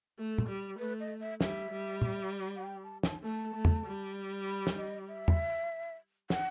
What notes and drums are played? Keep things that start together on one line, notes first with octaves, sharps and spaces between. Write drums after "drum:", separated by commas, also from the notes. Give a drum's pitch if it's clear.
A3
drum: tom
G3
A3 B4
D#5
E5
G3 E5, drum: snare
G3
drum: tom
F#5
G5
A5
A5, drum: snare
A3 A5
A3
drum: tom E2
G3
B5
drum: snare
D#5
E5
drum: tom E2
F#5, drum: snare